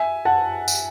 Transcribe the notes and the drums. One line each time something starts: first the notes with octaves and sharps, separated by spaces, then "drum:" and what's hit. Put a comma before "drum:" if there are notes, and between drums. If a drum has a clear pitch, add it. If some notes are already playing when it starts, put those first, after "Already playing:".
Already playing: E5 G#5
F#5 A5
drum: tambourine